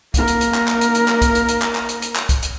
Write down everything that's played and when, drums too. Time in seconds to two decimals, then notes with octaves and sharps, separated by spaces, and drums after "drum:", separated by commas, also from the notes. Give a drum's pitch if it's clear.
0.14 A#3 A#4, drum: kick, hi-hat
0.27 drum: hi-hat
0.41 drum: hi-hat
0.54 drum: clap
0.68 drum: clap
0.81 drum: hi-hat
0.95 drum: hi-hat
1.08 drum: clap
1.22 drum: kick, hi-hat
1.35 drum: hi-hat
1.48 drum: hi-hat
1.62 drum: clap
1.75 drum: clap
1.89 drum: hi-hat
2.02 drum: hi-hat
2.16 drum: clap
2.29 drum: kick, hi-hat
2.43 drum: hi-hat